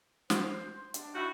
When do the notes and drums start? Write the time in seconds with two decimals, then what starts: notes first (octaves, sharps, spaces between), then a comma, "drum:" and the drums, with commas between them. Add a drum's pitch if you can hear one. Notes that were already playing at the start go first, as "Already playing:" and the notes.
0.30 C5, drum: snare
0.75 C6
0.94 D4, drum: hi-hat
1.15 D#3 E4 F#4